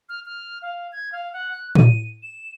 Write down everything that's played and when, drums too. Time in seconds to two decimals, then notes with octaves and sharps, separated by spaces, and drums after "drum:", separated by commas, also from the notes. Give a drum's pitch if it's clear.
0.09 F6
0.25 F6
0.62 F5
0.92 G#6
1.12 F5
1.33 F#5
1.52 F#6
1.75 D#7, drum: tom A2
2.23 E7